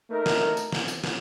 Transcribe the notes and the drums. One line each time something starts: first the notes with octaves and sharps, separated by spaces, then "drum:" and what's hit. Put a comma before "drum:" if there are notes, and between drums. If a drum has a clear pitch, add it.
A3 D#4 A#4
drum: snare
drum: tambourine
drum: snare
drum: tambourine
drum: snare